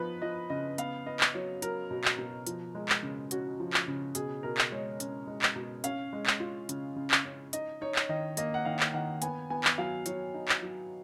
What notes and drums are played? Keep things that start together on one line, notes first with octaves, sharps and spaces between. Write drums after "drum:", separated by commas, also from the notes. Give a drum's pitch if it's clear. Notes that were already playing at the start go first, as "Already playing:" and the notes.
Already playing: F3 B3 D#4 B4
F3 D#5
C#3 D#5
B3 F5, drum: hi-hat
B3 D#5
drum: clap
F#3 C#5
F#3 A#4, drum: hi-hat
B2
drum: clap
B2
F3, drum: hi-hat
G#3
drum: clap
C#3
C#4 F#4, drum: hi-hat
F3
drum: clap
C#3
B2 G#4, drum: hi-hat
B2 A#4
drum: clap
G#3 C#5
C#4, drum: hi-hat
G#3
drum: clap
B2
C#4 F5, drum: hi-hat
G#3
drum: clap
F4
C#3, drum: hi-hat
C#3
drum: clap
C#4
D#4 D#5, drum: hi-hat
D#4 C#5
drum: clap
D#3 D#5
A#3 D#5, drum: hi-hat
F#5
D#3 F5
drum: clap
D#3 F#5
B3 G#5, drum: hi-hat
B3 G#5
drum: clap
F#3 F5
F#3 C#5, drum: hi-hat
D#4
drum: clap
F#3